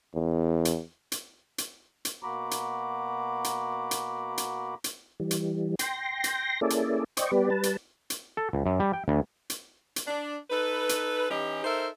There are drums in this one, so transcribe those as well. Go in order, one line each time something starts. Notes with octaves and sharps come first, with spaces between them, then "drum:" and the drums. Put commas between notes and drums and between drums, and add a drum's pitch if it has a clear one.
E2
drum: hi-hat
drum: hi-hat
drum: hi-hat
drum: hi-hat
B2 A#3 F#4 A#5 B5 D6
drum: hi-hat
drum: hi-hat
drum: hi-hat
drum: hi-hat
drum: hi-hat
E3 G3
drum: hi-hat
G5 C6 A#6, drum: hi-hat
drum: hi-hat
A#3 C#4 E4 G#4 A4 D5
drum: hi-hat
C5 D5 D#5 G5 C#6, drum: hi-hat
G3 B3 G4 B4 D5
G3 B4 A5
drum: hi-hat
drum: hi-hat
A4
C#2
F#2
G3
G5
D2
drum: hi-hat
drum: hi-hat
D4
D#4 A4 B4
drum: hi-hat
E3 C#4 D#4 G4
D#4 A4 A#4 C5 E5